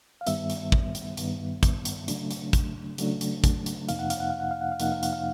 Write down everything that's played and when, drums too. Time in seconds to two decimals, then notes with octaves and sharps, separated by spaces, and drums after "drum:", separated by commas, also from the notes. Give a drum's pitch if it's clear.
0.21 F5
0.27 G2 D#3 G3 B3 E5, drum: hi-hat
0.50 drum: hi-hat
0.72 drum: kick
0.95 drum: hi-hat
1.17 G2 D#3 G3 B3, drum: hi-hat
1.63 drum: kick, hi-hat
1.85 drum: hi-hat
2.08 C#3 F#3 A3 D4, drum: hi-hat
2.31 drum: hi-hat
2.53 drum: kick, hi-hat
2.98 C#3 F#3 A3 D4, drum: hi-hat
3.21 drum: hi-hat
3.44 drum: kick, hi-hat
3.66 drum: hi-hat
3.89 F2 C3 F3 A#3 D#4 F5, drum: hi-hat
3.99 F#5
4.10 F5, drum: hi-hat
4.20 F#5
4.30 F5
4.40 F#5
4.51 F5
4.61 F#5
4.72 F5
4.80 F2 C3 F3 A#3 D#4 F#5, drum: hi-hat
4.92 F5
5.03 F#5, drum: hi-hat
5.13 F5